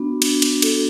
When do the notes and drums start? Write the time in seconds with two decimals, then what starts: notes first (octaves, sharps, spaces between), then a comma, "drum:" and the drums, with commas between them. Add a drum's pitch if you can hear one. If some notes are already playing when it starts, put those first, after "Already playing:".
Already playing: B3 D4 F#4
0.22 D4 F#4, drum: cymbal
0.42 drum: cymbal
0.62 F#4 A4, drum: cymbal